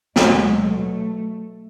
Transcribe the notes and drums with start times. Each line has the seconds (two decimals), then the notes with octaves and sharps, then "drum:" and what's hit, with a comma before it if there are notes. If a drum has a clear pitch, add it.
0.16 B2 F#3 G#3, drum: snare
0.65 A3